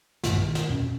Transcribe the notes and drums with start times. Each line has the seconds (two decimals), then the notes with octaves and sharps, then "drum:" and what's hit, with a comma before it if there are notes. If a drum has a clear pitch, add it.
0.23 A#1 G2 B2 D#3, drum: snare
0.41 D#3
0.55 drum: snare
0.69 F2 B2 C#4